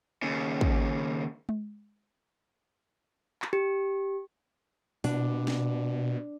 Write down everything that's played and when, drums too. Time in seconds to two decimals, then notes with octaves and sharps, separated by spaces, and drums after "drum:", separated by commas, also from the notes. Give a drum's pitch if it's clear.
0.22 D#2 C#3
0.61 drum: kick
1.49 drum: tom G#3
3.42 drum: clap
3.53 G4
5.04 B2 D4, drum: open hi-hat
5.47 drum: snare